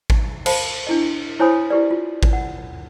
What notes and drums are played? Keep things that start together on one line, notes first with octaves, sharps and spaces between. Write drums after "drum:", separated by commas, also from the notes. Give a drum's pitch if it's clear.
drum: kick G#1
C5 F5 A5 B5, drum: cymbal
D4 E4 D#5
E4 C5 C#5 G#5 B5 D#6
E4 F#4 G4 B4 D5
F4
drum: kick G#1
F#5